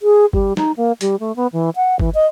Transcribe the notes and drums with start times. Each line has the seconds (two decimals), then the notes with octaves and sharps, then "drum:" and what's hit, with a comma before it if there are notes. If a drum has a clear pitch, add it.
0.02 G#4
0.33 G3, drum: kick G1
0.57 D#4, drum: snare
0.77 A#3
1.01 G3, drum: hi-hat
1.20 A3
1.36 B3
1.53 E3
1.76 F#5
1.99 E3, drum: kick G1
2.15 D#5